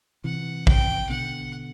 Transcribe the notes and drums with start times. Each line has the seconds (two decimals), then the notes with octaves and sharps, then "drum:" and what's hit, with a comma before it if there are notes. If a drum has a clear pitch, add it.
0.24 C3 E3 F#5
0.67 G5, drum: kick A1
1.09 B2 D3 F#5